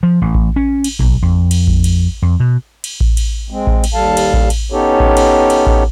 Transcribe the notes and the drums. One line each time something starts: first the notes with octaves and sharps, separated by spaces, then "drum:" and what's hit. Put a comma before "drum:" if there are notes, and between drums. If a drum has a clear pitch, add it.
F3
A1
drum: kick A1
C#4
drum: cymbal
B1, drum: kick A1
F2
drum: cymbal
drum: kick A1
drum: cymbal
F2
B2
drum: cymbal
drum: kick A1
drum: cymbal
G#3 C4
drum: kick A1
drum: cymbal
D#2 G3 A4 F5 A5
drum: cymbal
drum: kick A1
drum: cymbal
B3 C#4 D#4 G4 A4 C#5
drum: kick A1
drum: cymbal
drum: cymbal
drum: kick A1